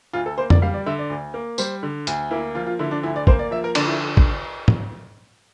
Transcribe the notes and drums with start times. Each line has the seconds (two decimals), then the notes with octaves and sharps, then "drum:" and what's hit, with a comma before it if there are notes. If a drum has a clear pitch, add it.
0.13 D2 F4
0.26 A4
0.38 A#3 C5
0.50 D5, drum: tom F2
0.62 G3 F5
0.74 D5
0.86 D3 E5
0.99 D5
1.10 D2
1.34 A#3
1.58 G3 C5, drum: tambourine
1.83 D3
2.07 D2, drum: hi-hat
2.31 A#3 E4
2.55 F3 F4
2.67 F4
2.79 D3 E4
2.91 D4
3.03 D2 E4
3.16 D5
3.27 A#3 C5, drum: kick
3.39 D5
3.51 F3 E5
3.64 A#4
3.75 D3 D4, drum: cymbal
3.87 E4
4.17 drum: kick
4.68 drum: tom